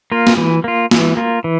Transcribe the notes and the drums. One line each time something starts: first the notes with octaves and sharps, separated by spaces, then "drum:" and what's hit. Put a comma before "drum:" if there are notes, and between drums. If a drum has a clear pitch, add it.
A#3 F4
drum: snare
E3
A#3 F4
E3, drum: snare
A#3 F4
E3